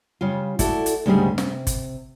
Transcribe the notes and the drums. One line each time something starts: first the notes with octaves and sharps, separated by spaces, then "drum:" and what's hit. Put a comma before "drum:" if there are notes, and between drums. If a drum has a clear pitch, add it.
C#3 G3 F4
E4 F#4 A4 D5, drum: kick, hi-hat
drum: hi-hat
D2 G#2 C#3 G3 G4 G#4
C3, drum: snare
drum: kick, hi-hat